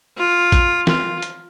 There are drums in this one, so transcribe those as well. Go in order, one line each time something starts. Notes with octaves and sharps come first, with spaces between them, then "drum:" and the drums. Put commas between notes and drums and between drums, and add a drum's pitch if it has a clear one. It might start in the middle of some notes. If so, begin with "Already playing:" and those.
F4
drum: kick, hi-hat
F4, drum: snare
drum: hi-hat